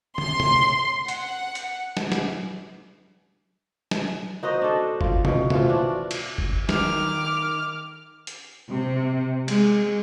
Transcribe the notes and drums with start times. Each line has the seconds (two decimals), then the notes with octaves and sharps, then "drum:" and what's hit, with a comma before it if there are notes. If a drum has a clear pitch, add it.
0.18 C6, drum: tom
0.40 drum: tom
1.08 F#5, drum: hi-hat
1.55 drum: hi-hat
1.97 drum: snare
2.12 drum: snare
3.91 drum: snare
4.43 D#4 F#4 C5 D#5
4.62 D4 A4
5.01 F4, drum: kick G1
5.25 B2, drum: tom
5.50 E3 F3 F4, drum: tom
5.69 D4 F#4
6.11 drum: cymbal
6.38 drum: kick G1
6.69 D#3 D6 F6, drum: snare
8.27 drum: hi-hat
8.69 C3
9.48 G#3, drum: cymbal